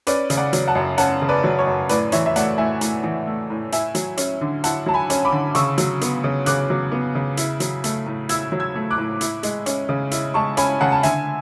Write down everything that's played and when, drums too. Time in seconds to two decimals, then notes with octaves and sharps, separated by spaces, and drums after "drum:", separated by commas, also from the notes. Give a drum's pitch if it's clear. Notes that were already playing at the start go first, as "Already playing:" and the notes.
0.07 C#4 B4 D5, drum: hi-hat
0.30 C#3, drum: hi-hat
0.37 D5 F#5
0.53 F#3, drum: hi-hat
0.68 F#5 A5
0.75 F#2
0.98 C#4 F#5 A5, drum: hi-hat
1.22 C#3
1.29 B4 D5
1.44 F#3
1.59 C#5
1.67 F#2
1.89 A2 B4 D5, drum: hi-hat
2.12 E3 C#5 E5, drum: hi-hat
2.26 E5
2.36 A3 D5 F#5, drum: hi-hat
2.58 A2 E5 G#5
2.81 A2, drum: hi-hat
3.03 E3
3.27 A3
3.50 A2
3.72 E4 E5 G#5, drum: hi-hat
3.95 F#3, drum: hi-hat
4.17 C#4, drum: hi-hat
4.41 D3
4.64 E4 F#5 A5, drum: hi-hat
4.86 F#3 A5
4.94 G#5 B5
5.10 C#4, drum: hi-hat
5.25 B5 D6
5.32 D3
5.55 C#3 C#6 E6, drum: hi-hat
5.78 F#3, drum: hi-hat
6.01 B3, drum: hi-hat
6.24 C#3
6.46 C#3 D6 F#6, drum: hi-hat
6.70 F#3
6.92 B3
7.15 C#3
7.37 E4, drum: hi-hat
7.60 F#3, drum: hi-hat
7.84 A3, drum: hi-hat
8.07 A2
8.29 E4 E6 G#6, drum: hi-hat
8.52 F#3
8.60 E6 G#6
8.76 A3
8.91 D6 F#6
8.98 A2
9.21 E4, drum: hi-hat
9.43 G#3, drum: hi-hat
9.66 C#4, drum: hi-hat
9.89 C#3
10.11 E4, drum: hi-hat
10.34 G#3 A5 C#6
10.57 C#4 G#5 B5, drum: hi-hat
10.81 C#3 F#5 A5
10.92 A5
11.03 D3 E5 G#5, drum: hi-hat